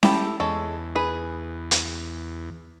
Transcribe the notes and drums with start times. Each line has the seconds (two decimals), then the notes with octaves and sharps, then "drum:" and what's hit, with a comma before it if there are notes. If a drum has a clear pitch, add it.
0.03 G3 E4 G4 A4, drum: snare C#4
0.40 E2 G#3 A4 C#5
0.95 G#4 B4
1.71 drum: hi-hat